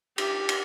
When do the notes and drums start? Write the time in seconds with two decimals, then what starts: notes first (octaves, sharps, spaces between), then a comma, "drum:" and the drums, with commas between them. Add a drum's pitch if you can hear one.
0.18 G4, drum: cymbal
0.49 drum: cymbal